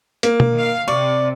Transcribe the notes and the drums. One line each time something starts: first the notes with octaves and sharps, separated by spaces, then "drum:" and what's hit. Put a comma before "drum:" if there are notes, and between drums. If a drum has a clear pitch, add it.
A#3, drum: hi-hat
drum: tom B2
D#3 F5
C3 D5 C#6